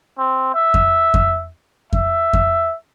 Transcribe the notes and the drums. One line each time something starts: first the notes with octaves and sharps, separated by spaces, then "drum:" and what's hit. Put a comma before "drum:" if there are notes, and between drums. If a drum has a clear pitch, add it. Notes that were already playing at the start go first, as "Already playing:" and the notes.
C4
E5
drum: kick F2
drum: kick F2
E5, drum: kick F2
drum: kick F2